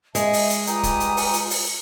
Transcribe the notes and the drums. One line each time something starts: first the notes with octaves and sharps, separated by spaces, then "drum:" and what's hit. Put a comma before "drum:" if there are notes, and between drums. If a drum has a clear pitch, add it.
G#3 D#5 E5 A5, drum: hi-hat
drum: open hi-hat
drum: hi-hat
G3 F4 B4 G5 G#5 A#5 D#6, drum: hi-hat
drum: kick, hi-hat
drum: hi-hat
drum: open hi-hat
drum: hi-hat
drum: open hi-hat